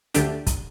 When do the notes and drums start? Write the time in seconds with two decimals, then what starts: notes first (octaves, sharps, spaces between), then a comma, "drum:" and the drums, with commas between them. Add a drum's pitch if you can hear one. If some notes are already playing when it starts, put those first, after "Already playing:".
0.14 D2 D3 A3 D4 G4, drum: hi-hat
0.47 drum: kick, hi-hat